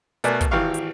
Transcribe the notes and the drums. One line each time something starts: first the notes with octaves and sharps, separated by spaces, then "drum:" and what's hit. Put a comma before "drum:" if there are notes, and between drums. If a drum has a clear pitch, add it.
B2 A3 A#4 D5 G#5 F#6, drum: hi-hat
drum: kick, hi-hat
G#1 E3 G4 F5 C#6
drum: hi-hat